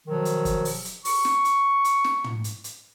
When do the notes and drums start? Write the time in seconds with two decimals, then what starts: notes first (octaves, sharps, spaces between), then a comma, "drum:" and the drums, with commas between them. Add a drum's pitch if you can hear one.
0.06 B2 D#3 F3 F#3
0.25 drum: hi-hat
0.45 drum: kick, hi-hat
0.65 drum: open hi-hat
0.85 drum: hi-hat
1.05 C#6, drum: open hi-hat
1.25 drum: snare
1.45 drum: hi-hat
1.84 drum: hi-hat
2.04 drum: snare
2.24 drum: tom
2.44 drum: hi-hat
2.64 drum: hi-hat